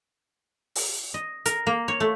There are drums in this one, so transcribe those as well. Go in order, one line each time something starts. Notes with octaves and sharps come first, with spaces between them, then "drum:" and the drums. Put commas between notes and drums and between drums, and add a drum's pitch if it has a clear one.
drum: open hi-hat
D#5
A#4, drum: hi-hat
A#3
C#5
A3